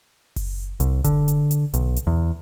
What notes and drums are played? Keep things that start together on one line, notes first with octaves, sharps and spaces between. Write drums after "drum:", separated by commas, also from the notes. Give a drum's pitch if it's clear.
drum: kick F#1, open hi-hat
C2, drum: hi-hat
D3, drum: kick F#1, hi-hat
drum: hi-hat
drum: hi-hat
B1, drum: hi-hat
drum: hi-hat
E2